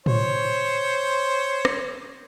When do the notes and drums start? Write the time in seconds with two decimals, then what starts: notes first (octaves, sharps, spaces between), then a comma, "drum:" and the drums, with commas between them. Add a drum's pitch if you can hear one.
0.06 C5 C#5, drum: tom A2
1.65 drum: rim click